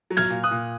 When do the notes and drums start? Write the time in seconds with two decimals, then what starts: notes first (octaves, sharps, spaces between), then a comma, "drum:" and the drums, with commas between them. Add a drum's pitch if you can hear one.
0.10 F#3
0.17 F6 G#6, drum: snare
0.30 A#2
0.43 D#6 F#6
0.51 A#2